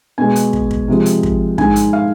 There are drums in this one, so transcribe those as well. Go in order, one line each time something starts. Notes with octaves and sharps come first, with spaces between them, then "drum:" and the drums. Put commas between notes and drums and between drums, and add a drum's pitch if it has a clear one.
B2 G#3 G#5
drum: hi-hat
drum: kick
drum: kick
C3 F3 G#3
drum: hi-hat
drum: kick
G#2 D#3 G#3 G#5, drum: kick
drum: hi-hat
F5